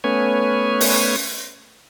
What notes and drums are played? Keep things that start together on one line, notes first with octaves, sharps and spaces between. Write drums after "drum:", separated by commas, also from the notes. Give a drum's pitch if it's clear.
A3 B3 C#4 B4 C#5 G#5
drum: open hi-hat